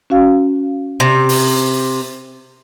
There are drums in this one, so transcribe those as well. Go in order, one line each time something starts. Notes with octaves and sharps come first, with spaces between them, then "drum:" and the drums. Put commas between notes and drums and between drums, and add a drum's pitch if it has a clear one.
C#4 F#4 F5
C3
drum: open hi-hat